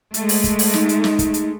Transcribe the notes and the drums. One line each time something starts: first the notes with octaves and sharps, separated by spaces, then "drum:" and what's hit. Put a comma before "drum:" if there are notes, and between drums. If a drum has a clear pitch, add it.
G#3 A3, drum: hi-hat
drum: open hi-hat
drum: kick, hi-hat
drum: open hi-hat
D#4, drum: snare
drum: hi-hat
drum: snare
drum: kick, hi-hat
drum: hi-hat